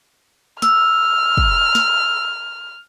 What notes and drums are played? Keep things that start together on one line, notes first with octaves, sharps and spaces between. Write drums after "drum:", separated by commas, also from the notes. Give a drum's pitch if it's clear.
E6 F6, drum: snare
drum: kick
drum: snare